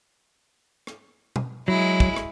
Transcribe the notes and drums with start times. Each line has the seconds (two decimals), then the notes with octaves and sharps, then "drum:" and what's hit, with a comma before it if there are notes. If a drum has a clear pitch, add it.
0.87 drum: rim click
1.36 drum: tom B2
1.68 F#3 G#3 E4
2.00 drum: kick
2.16 drum: rim click